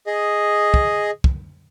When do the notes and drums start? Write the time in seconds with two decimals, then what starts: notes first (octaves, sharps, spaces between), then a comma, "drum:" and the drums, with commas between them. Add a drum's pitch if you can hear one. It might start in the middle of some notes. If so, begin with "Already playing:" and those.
0.07 G#4 D#5
0.74 drum: kick
1.24 drum: kick